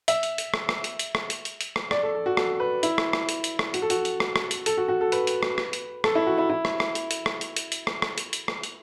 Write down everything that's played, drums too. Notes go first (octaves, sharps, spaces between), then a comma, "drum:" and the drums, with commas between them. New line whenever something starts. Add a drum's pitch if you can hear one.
E5, drum: hi-hat
drum: hi-hat
drum: hi-hat
drum: rim click
drum: rim click
drum: hi-hat
drum: hi-hat
drum: rim click
drum: hi-hat
drum: hi-hat
drum: hi-hat
drum: rim click
D5, drum: rim click
A4
A4
F#4
A4, drum: rim click
B4
E4, drum: hi-hat
drum: rim click
drum: rim click
drum: hi-hat
drum: hi-hat
drum: rim click
F#4, drum: hi-hat
A4
F#4, drum: hi-hat
drum: hi-hat
drum: rim click
drum: rim click
drum: hi-hat
A4, drum: hi-hat
F#4
F#4
A4
B4, drum: hi-hat
drum: hi-hat
drum: rim click
drum: rim click
drum: hi-hat
A4, drum: rim click
E4
F#4
E4
E4
drum: rim click
drum: rim click
drum: hi-hat
drum: hi-hat
drum: rim click
drum: hi-hat
drum: hi-hat
drum: hi-hat
drum: rim click
drum: rim click
drum: hi-hat
drum: hi-hat
drum: rim click
drum: hi-hat